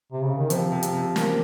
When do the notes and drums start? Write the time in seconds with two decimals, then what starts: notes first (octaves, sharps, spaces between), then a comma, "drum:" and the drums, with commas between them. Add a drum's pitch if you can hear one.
0.12 C3
0.24 C#3
0.38 D#3
0.50 C3 F3, drum: hi-hat
0.72 C3
0.83 drum: hi-hat
0.93 C3
1.16 A#3, drum: snare